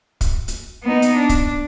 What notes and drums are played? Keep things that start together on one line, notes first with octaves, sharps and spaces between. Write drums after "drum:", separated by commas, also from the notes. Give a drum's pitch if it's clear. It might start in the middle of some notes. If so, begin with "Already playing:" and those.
drum: kick, hi-hat
drum: hi-hat
B3 D#4
drum: hi-hat
D4
drum: kick, hi-hat